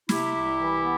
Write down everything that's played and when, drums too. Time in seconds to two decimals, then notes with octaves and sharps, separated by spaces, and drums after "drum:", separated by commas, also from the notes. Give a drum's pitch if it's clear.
0.09 C3 E4 G4, drum: snare
0.34 C2
0.58 E3
0.82 B3